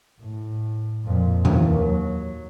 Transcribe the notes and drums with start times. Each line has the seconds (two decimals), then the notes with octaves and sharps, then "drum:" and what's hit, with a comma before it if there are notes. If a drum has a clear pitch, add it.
0.20 A2
1.05 F2 A#2
1.45 D#2 E3, drum: tom A#2
1.77 F#3